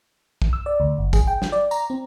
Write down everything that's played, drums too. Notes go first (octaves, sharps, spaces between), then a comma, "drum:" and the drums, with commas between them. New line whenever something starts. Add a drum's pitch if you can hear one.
drum: kick
E6
D5
D2
G1
G#4, drum: kick, tambourine
G5
drum: snare
D5
A#5, drum: tambourine
C4